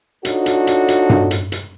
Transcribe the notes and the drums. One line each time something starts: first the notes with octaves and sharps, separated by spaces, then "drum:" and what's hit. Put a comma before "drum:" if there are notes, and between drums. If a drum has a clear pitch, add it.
D4 D#4 F4 F#4 A4 C#5, drum: hi-hat
drum: hi-hat
drum: hi-hat
drum: hi-hat
drum: tom G2
drum: hi-hat
drum: hi-hat